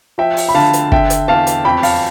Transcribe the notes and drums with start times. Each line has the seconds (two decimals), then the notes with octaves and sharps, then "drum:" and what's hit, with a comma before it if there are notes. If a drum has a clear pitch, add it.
0.18 F3 E5 G5
0.37 drum: open hi-hat
0.49 B5
0.54 D3 F5 A5
0.73 drum: hi-hat
0.92 D3 E5 G5, drum: kick
1.10 drum: hi-hat
1.28 E2 F5 A5
1.47 drum: hi-hat
1.65 F2 G5 B5
1.83 F5 A5, drum: open hi-hat